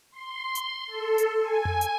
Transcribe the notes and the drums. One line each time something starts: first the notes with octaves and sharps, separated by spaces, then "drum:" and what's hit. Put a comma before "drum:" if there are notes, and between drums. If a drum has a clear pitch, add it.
C6
drum: hi-hat
A4
drum: hi-hat
G#5
drum: tom F2
drum: hi-hat